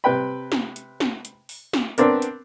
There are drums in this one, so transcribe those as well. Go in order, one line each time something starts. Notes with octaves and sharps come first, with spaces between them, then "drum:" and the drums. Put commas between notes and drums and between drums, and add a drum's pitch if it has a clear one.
C3 B4 G5 B5
drum: snare
drum: hi-hat
drum: snare
drum: hi-hat
drum: open hi-hat
drum: snare
B3 C4 D4 A#4, drum: hi-hat
drum: hi-hat